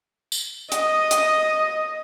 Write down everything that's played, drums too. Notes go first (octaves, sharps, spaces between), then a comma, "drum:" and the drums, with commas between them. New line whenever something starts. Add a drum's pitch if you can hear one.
drum: tambourine
D#5 D#6, drum: hi-hat
drum: hi-hat